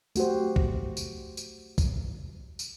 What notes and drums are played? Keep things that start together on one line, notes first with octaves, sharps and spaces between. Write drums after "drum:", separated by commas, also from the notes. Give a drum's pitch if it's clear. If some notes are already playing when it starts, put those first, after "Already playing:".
A3 F#4 G4 C5, drum: tambourine
drum: kick
drum: tambourine
drum: tambourine
drum: kick, tambourine
drum: tambourine